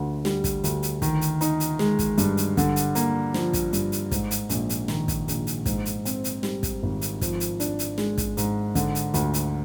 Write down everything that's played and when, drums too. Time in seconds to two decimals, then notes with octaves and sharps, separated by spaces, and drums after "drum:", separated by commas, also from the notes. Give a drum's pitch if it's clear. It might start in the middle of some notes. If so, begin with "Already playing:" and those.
Already playing: D2 D3
0.25 G3, drum: snare
0.44 drum: kick, hi-hat
0.64 D2, drum: hi-hat
0.83 drum: hi-hat
1.02 D#3, drum: kick, hi-hat
1.21 drum: hi-hat
1.41 D#4, drum: hi-hat
1.60 drum: hi-hat
1.79 G#3, drum: snare
1.99 drum: kick, hi-hat
2.18 G2, drum: hi-hat
2.37 drum: hi-hat
2.57 D3, drum: kick, hi-hat
2.76 drum: hi-hat
2.95 A#3, drum: hi-hat
3.34 F3, drum: snare
3.53 drum: kick, hi-hat
3.73 G2, drum: hi-hat
3.92 drum: hi-hat
4.11 G#2, drum: kick, hi-hat
4.31 drum: hi-hat
4.49 A#1, drum: hi-hat
4.69 drum: hi-hat
4.88 D#3, drum: snare
5.08 drum: kick, hi-hat
5.28 A#1, drum: hi-hat
5.47 drum: hi-hat
5.66 G#2, drum: kick, hi-hat
5.85 drum: hi-hat
6.05 C4, drum: hi-hat
6.24 drum: hi-hat
6.43 G3, drum: snare
6.63 drum: kick, hi-hat
6.83 G#1
7.02 drum: hi-hat
7.21 F3, drum: kick, hi-hat
7.40 drum: hi-hat
7.60 D4, drum: hi-hat
7.79 drum: hi-hat
7.98 G#3, drum: snare
8.18 drum: kick, hi-hat
8.37 G#2, drum: hi-hat
8.75 D3, drum: kick, hi-hat
8.95 drum: hi-hat
9.14 D2, drum: hi-hat
9.34 drum: hi-hat